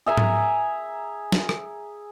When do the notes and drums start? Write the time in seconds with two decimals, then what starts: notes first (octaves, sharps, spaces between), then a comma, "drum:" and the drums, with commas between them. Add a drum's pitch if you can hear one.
0.06 G#4 E5 G#5 A#5
0.17 drum: tom G#2
1.32 drum: snare
1.49 drum: rim click